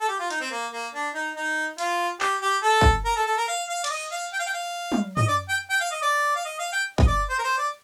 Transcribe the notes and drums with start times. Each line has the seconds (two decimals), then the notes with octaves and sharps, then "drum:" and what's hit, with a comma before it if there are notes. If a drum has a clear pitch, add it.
0.01 A4
0.09 G4
0.20 F4
0.30 D#4, drum: hi-hat
0.41 C4
0.51 A#3
0.72 A#3
0.94 D4
1.15 D#4
1.36 D#4
1.78 F4, drum: hi-hat
2.20 G4, drum: clap
2.42 G4
2.63 A4
2.81 drum: kick
3.05 A#4
3.16 A4
3.27 A4
3.37 A#4
3.48 F5
3.69 F5
3.84 D5, drum: cymbal
3.90 D#5
4.12 F5
4.33 G5
4.39 F5
4.47 G5
4.53 F5
4.92 drum: tom
5.17 D#5, drum: tom
5.28 D5
5.49 G5
5.70 G5
5.81 F5
5.92 D#5
6.02 D5
6.36 F5
6.45 D#5
6.59 F5
6.73 G5
6.98 D#5, drum: kick
7.08 D5
7.29 C5
7.39 A#4
7.44 C5
7.58 D5